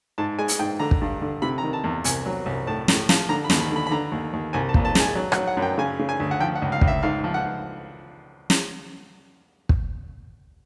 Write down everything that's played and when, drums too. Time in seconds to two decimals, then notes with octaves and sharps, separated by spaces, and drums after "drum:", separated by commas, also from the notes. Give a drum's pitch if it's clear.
0.18 G#2 A5
0.39 G#3 G#5
0.48 drum: hi-hat
0.59 G#2 G5
0.80 D3 A#5
0.91 drum: kick
1.01 G2
1.21 D3
1.42 C3 B5
1.58 A#5
1.63 D#3
1.73 A5
1.84 E2
2.04 C2 G#5, drum: hi-hat
2.26 F#3
2.46 C2
2.67 A2 A5
2.88 A2, drum: snare
3.09 F3, drum: snare
3.29 D3 A#5
3.44 B5
3.50 D#2, drum: snare
3.60 B5
3.71 D3
3.76 B5
3.87 B5
3.91 D3 A#5
4.12 D#2
4.33 D#2
4.53 C2 G#5
4.69 A5
4.74 A#2, drum: kick
4.85 A5
4.95 G#3 G#5, drum: snare
5.15 F#3
5.32 F#5, drum: rim click
5.36 F#3
5.47 F#5
5.57 F#2
5.62 G5
5.78 C#3 G#5
5.99 C#3
6.09 G#5
6.20 D2
6.31 F#5
6.40 F3 G5
6.55 F#5
6.62 C#2
6.72 F5
6.81 C#2, drum: kick
6.88 E5
7.03 G#2 F5
7.24 F3
7.34 F#5
8.50 drum: snare
9.69 drum: kick